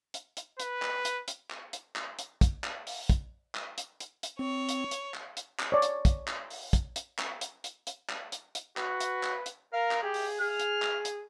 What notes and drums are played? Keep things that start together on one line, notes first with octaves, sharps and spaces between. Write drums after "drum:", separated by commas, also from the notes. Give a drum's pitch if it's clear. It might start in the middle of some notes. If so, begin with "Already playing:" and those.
drum: hi-hat
drum: hi-hat
B4, drum: hi-hat
drum: clap
drum: hi-hat
drum: hi-hat
drum: clap
drum: hi-hat
drum: clap
drum: hi-hat
drum: kick, hi-hat
drum: clap
drum: open hi-hat
drum: kick, hi-hat
drum: clap
drum: hi-hat
drum: hi-hat
drum: hi-hat
C4 C#5
drum: hi-hat
drum: hi-hat
drum: clap
drum: hi-hat
drum: clap
C#5 D5
drum: hi-hat
drum: kick, hi-hat
drum: clap
drum: open hi-hat
drum: kick, hi-hat
drum: hi-hat
drum: clap
drum: hi-hat
drum: hi-hat
drum: hi-hat
drum: clap
drum: hi-hat
drum: hi-hat
F#4 B4, drum: clap
drum: hi-hat
drum: clap
drum: hi-hat
A#4 F5
drum: clap
G4 G#4
drum: open hi-hat
G#4 F6
drum: hi-hat
drum: clap
drum: hi-hat